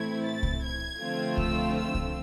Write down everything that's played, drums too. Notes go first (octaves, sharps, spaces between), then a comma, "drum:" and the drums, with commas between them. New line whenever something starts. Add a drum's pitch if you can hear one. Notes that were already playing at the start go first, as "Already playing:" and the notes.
Already playing: A2 E3 A3 C4 E4 G#6
A6
drum: kick C2
G#6
D3 F3 A3 C4 F4
E6, drum: kick C2
E6
drum: kick C2